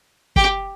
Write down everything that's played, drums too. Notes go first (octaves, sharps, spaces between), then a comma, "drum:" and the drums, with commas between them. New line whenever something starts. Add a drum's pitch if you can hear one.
G4, drum: kick